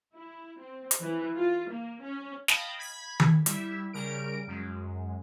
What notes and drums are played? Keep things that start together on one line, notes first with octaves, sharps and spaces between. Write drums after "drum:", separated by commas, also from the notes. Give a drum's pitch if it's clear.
E4
C4
drum: hi-hat
E3
F4
A#3
C#4
D#5 F5 G5 A5 B5 D#6, drum: snare
B5 G#6 B6
drum: tom D#3
G3 E4 E5, drum: hi-hat
C#3 G3 A#4 D7
F#2 G#3